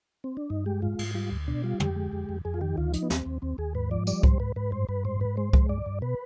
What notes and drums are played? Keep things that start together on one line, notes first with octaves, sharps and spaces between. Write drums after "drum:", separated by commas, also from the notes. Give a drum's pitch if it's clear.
C4
D4
G2 D#4
G#3 G4
G#2 F4
G#2, drum: cymbal
G3 F4
D2
B2 D4
G3 F4
F2 G4, drum: tom
G#3
F2
F2
F2 G#4
F4
D#3 G4
D2 F4
F3 D#4, drum: hi-hat
B3
D#2 C4, drum: snare
D#2
D#2 C4
D#2 G#4
G#2 B4
F3 D5
G3 D5, drum: tambourine
G#2 C5, drum: kick C2
G#2 B4
G#2 B4
G2 C5
G2 B4
G#2 C5
G#2 B4
G#3 C5
G#3, drum: kick C2
G2 D5
G2
B2 B4